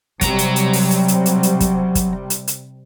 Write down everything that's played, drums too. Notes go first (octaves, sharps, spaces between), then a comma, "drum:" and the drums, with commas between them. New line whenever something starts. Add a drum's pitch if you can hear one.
C3 F#3 G3 A#5, drum: kick, hi-hat
drum: hi-hat
drum: hi-hat
drum: open hi-hat
drum: hi-hat
drum: hi-hat
drum: hi-hat
drum: hi-hat
drum: kick, hi-hat
drum: kick, hi-hat
drum: hi-hat
drum: hi-hat